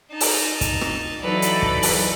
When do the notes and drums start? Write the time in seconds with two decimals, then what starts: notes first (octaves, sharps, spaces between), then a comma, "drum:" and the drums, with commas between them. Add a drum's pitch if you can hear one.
0.11 D#4 A5
0.21 drum: open hi-hat
0.61 drum: kick, hi-hat
0.81 drum: rim click
1.22 E3 F#3 D#4 A4 B4 D5
1.42 drum: hi-hat
1.62 drum: kick
1.83 drum: open hi-hat